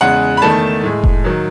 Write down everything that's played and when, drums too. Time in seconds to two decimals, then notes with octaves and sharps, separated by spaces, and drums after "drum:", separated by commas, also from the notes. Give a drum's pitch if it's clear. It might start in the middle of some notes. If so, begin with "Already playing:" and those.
0.01 E2 C#3 G#3 F#5
0.37 B5
0.42 E2 D#3 A3 A5
0.83 A2 G#3
1.04 drum: kick F1
1.24 D#3 F#3